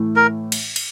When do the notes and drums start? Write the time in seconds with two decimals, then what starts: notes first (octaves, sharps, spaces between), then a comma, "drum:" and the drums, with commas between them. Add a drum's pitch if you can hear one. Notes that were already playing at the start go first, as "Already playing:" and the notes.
Already playing: A2 E3 A3
0.16 A#4
0.52 drum: cymbal
0.76 drum: cymbal